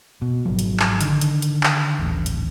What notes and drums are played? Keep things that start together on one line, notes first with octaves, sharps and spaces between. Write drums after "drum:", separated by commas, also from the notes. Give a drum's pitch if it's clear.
B2
G#1 C3 F3 F#3
drum: hi-hat
drum: clap
D3 D#3, drum: hi-hat
drum: hi-hat
drum: hi-hat
drum: clap
D#1 A1
drum: hi-hat